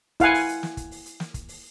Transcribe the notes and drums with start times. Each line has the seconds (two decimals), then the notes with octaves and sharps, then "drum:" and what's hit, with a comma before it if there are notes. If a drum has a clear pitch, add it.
0.20 E4 F5 F#5 G#5, drum: kick, hi-hat
0.34 drum: open hi-hat
0.49 drum: hi-hat
0.63 drum: snare
0.77 drum: kick, hi-hat
0.91 drum: open hi-hat
1.06 drum: hi-hat
1.20 drum: snare
1.34 drum: kick, hi-hat
1.49 drum: open hi-hat